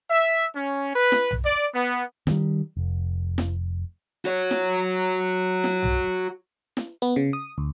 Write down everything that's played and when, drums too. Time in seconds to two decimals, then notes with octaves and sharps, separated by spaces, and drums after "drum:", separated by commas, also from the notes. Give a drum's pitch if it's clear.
0.11 E5
0.56 C#4
0.95 B4
1.12 drum: snare
1.31 drum: tom B1
1.45 D5
1.75 B3
2.27 D#3 G3, drum: snare
2.77 F1
3.38 drum: snare
4.25 F#4 C#5
4.51 drum: snare
5.64 drum: snare
5.83 drum: tom B1
6.77 drum: snare
7.02 B3
7.16 C#3
7.33 D#6
7.58 D2